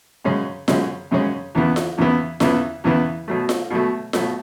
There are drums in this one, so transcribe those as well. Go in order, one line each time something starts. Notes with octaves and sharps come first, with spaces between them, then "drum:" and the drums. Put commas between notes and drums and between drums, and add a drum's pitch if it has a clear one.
F#2 C#3 G#3 C#4
F#2 C#3 G#3 C#4, drum: snare F4
F#2 C#3 G#3 C#4
E2 C#3 E3 B3 E4
drum: snare F4
E2 C#3 E3 B3 E4
E2 C#3 E3 B3 E4, drum: snare F4
E2 C#3 E3 B3 E4
B2 F#3 A3
drum: snare F4
B2 F#3 A3
B2 F#3 A3, drum: snare F4